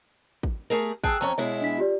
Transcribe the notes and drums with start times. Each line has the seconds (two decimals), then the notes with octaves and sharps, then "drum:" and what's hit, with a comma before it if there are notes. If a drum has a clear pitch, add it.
0.43 drum: kick
0.70 A3 G#4 A#4
1.04 G#4 G5 A5 E6 F#6, drum: kick
1.21 F2 C#4 C#5 A#5
1.38 B2 G#3 E4 C#5
1.62 D4 B6
1.78 F4 G4 D5